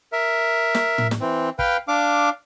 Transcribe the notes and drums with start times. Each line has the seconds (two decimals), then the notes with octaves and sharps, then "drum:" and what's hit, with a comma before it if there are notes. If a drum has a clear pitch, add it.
0.12 A#4 E5
0.75 drum: snare
0.98 drum: tom A2
1.11 drum: snare
1.20 E3 C4
1.59 B4 F5 G5, drum: kick
1.88 D4 F5 D6